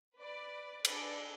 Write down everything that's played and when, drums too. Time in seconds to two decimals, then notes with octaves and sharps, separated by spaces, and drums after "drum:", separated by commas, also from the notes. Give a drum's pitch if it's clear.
0.19 B4 D5
0.85 D4 G#4 B4 D5, drum: cymbal